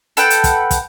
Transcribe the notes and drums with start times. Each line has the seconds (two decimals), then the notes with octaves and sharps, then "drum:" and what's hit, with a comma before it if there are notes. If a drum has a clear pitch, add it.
0.17 A4 B4 F#5 G5, drum: hi-hat
0.30 drum: hi-hat
0.44 drum: kick, hi-hat
0.71 drum: kick, hi-hat